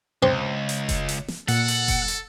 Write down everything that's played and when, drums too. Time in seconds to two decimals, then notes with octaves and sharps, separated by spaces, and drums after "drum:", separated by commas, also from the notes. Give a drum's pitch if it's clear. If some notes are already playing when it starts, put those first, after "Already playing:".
0.23 C#2 C4
0.69 drum: hi-hat
0.89 drum: kick F1, hi-hat
1.09 drum: hi-hat
1.28 drum: snare
1.48 A#2 A4 F#5, drum: hi-hat
1.68 drum: hi-hat
1.88 drum: kick F1, hi-hat
2.08 drum: hi-hat